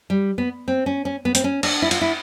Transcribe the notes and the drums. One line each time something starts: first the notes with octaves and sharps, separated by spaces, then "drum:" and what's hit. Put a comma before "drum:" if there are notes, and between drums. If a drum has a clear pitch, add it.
G3
B3
C4
C#4
C#4
B3
C4, drum: hi-hat
C#4
D4, drum: cymbal
E4
F4, drum: cymbal
E4